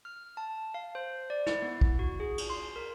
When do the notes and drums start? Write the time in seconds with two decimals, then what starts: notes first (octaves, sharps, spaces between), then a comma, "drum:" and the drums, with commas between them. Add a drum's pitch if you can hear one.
0.05 F6
0.37 A5
0.74 F5
0.95 C5
1.30 D5
1.47 E4, drum: snare
1.62 B3
1.81 drum: kick
1.99 F#4
2.20 G#4
2.38 drum: cymbal
2.50 C6
2.76 A#4